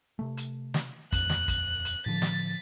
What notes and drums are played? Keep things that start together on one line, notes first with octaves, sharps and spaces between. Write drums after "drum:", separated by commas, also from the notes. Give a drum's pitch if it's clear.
C3 A3
drum: hi-hat
drum: snare
D#1 F2 F#6, drum: kick, hi-hat
drum: snare
drum: kick, hi-hat
drum: hi-hat
A2 D3 F3 A6 B6
drum: snare